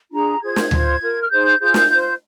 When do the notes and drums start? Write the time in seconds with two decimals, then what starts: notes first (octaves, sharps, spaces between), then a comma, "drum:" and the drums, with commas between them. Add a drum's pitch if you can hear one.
0.12 D4 F4 G#4 A#5
0.42 F4 G#4 C5 G#6
0.56 drum: snare
0.71 F4 C5, drum: tom D2
1.01 F4 A#4
1.21 F6
1.30 D#4 G#4 C5 G6
1.59 F4 G#4 C5 G6
1.74 drum: snare
1.89 F4 C5